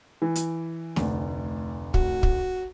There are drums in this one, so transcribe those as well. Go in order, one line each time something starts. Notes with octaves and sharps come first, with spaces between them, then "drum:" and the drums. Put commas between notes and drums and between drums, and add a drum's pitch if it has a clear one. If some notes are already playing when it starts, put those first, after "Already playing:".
E3
drum: hi-hat
F1 D2, drum: snare
F#4, drum: kick
drum: kick